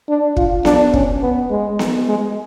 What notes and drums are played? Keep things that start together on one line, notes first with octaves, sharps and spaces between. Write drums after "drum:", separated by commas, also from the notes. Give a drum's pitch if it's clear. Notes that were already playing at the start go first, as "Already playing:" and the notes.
D4
F4, drum: kick
D4, drum: snare B3
C#4, drum: kick
B3
G#3
drum: snare B3
G#3